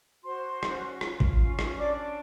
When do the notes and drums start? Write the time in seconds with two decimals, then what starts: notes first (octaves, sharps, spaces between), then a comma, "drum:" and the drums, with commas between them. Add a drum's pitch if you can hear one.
0.24 F#4 C5 C6
0.63 C#4, drum: rim click
1.01 F4, drum: rim click
1.20 drum: kick G#1
1.40 C#4
1.59 drum: rim click
1.78 D4 D5 D6